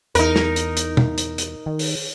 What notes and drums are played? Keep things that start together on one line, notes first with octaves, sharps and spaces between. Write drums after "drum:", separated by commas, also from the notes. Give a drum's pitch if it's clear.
E2 D#4 A#4, drum: hi-hat
drum: snare
drum: hi-hat
drum: hi-hat
drum: tom
drum: hi-hat
drum: hi-hat
D#3
drum: open hi-hat